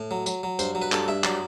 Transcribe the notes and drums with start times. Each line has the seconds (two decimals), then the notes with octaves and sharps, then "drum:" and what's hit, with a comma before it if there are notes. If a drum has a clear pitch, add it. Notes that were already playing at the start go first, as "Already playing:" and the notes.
Already playing: A2
0.11 F#3
0.26 F#3, drum: tambourine
0.43 F#3
0.59 G2 C5, drum: tambourine
0.75 F#3
0.82 B4
0.92 G2 A4, drum: clap
1.08 G2 E5
1.24 F#3 D5, drum: clap